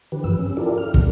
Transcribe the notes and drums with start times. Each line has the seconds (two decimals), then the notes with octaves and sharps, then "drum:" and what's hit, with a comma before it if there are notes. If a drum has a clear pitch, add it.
0.12 D3 E3 G4 B4
0.24 G2 F3 B4 E6
0.39 C#4
0.57 E4 F4 G4 A4 A#4 D5
0.78 F6
0.94 A#2 C#3 G3 G#3 B3, drum: kick